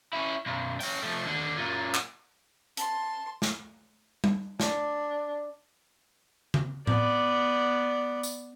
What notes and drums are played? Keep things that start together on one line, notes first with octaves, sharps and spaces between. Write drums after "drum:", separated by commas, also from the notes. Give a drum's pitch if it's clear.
C#4 E4
B1 F#2
C#4 G5, drum: open hi-hat
F3 A3
D#2 D3
F#2 A#2
drum: clap
A5 C6, drum: hi-hat
drum: snare
drum: tom G3
D4, drum: snare
drum: tom C#3
B3 D5, drum: tom A2
drum: tambourine